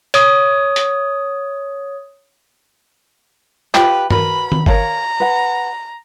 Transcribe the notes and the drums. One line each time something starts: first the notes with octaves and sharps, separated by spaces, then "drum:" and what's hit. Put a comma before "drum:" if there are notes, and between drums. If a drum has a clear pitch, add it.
C#5 D#6, drum: hi-hat
drum: hi-hat
F4 G4 B4, drum: clap
F#4 A#4 B4 B5, drum: tom G2
drum: tom
A#4 C#5 F5 A#5, drum: kick G1
B4 F#5